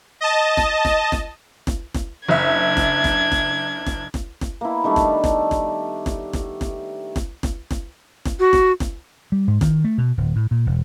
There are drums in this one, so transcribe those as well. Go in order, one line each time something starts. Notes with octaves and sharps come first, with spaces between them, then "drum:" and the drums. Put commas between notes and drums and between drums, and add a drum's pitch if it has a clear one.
D#5 A5
drum: snare
drum: snare
drum: snare
drum: snare
drum: snare
F#1 D4 E5 G#6
drum: snare
drum: snare
drum: snare
drum: snare
drum: snare
drum: snare
A#3 B3 E4
D#3 G3 A3 D4
drum: snare
drum: snare
drum: snare
drum: snare
drum: snare
drum: snare
drum: snare
drum: snare
drum: snare
drum: snare
F#4
drum: snare
drum: snare
G3
G#2
D#3, drum: snare
A3
B2
D1
A2
A#2
E1